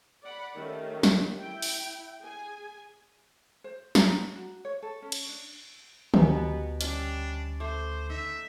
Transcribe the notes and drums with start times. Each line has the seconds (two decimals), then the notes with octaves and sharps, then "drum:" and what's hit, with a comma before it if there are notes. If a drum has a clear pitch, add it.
0.22 D5 F#5 B5
0.56 D#3 G3 A3 C#4
1.03 drum: snare
1.39 E4 G5
1.62 drum: open hi-hat
2.21 G#4 G#5
3.64 C5
3.95 A#5, drum: snare
4.35 F#4
4.65 C#5
4.82 A4
5.02 C#4
5.12 drum: cymbal
5.29 D4
6.14 D2 B2 B3 G4 G#5 A#5, drum: tom
6.81 G3 C#4 D4 D#5, drum: hi-hat
7.60 A3 C5 D6
8.10 D#4 E5